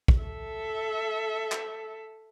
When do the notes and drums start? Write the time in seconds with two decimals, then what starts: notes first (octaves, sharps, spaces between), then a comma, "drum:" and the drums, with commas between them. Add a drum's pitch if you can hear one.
0.08 drum: kick
0.22 A4 E5
1.52 drum: clap